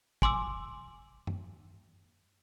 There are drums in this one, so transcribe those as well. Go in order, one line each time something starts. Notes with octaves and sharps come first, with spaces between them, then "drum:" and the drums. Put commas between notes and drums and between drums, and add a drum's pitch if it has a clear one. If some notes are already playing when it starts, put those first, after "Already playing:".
G#5 C6 D6 E6, drum: kick
drum: tom F#2